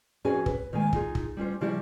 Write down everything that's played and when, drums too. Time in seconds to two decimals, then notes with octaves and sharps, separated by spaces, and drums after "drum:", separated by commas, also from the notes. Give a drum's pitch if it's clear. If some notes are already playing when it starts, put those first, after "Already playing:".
0.25 F2 C#4 F#4 G#4 B4 G#5
0.46 B4, drum: kick
0.73 D#3 G#3 A#3 G#5
0.93 D#4 F4 G#4, drum: kick
1.15 drum: kick
1.37 G3 C#4 F4 C5
1.61 C#3 F3 G3 E4 G4